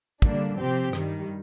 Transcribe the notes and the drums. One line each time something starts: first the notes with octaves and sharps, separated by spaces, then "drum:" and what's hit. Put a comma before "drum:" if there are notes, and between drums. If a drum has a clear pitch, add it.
D3 G3 A#3 D4, drum: kick
C3 F3 C4 G4
G2 D#3 G3, drum: rim click